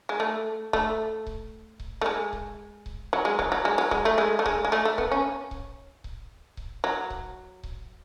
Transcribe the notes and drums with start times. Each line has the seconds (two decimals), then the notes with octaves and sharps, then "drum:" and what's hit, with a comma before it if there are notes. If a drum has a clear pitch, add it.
0.09 G#3
0.20 A3
0.73 A3, drum: kick C#1
1.26 drum: kick C#1
1.80 drum: kick C#1
2.01 A3
2.06 G#3
2.33 drum: kick C#1
2.86 drum: kick C#1
3.13 F#3
3.25 G#3
3.39 F#3, drum: kick C#1
3.52 F#3
3.65 G#3
3.78 F#3
3.91 G#3, drum: kick C#1
4.05 A3
4.18 G#3
4.39 A3
4.46 G#3, drum: kick C#1
4.65 G#3
4.72 A3
4.85 A3
4.98 B3, drum: kick C#1
5.12 C#4
5.51 drum: kick C#1
6.04 drum: kick C#1
6.57 drum: kick C#1
6.84 F#3
7.10 drum: kick C#1
7.63 drum: kick C#1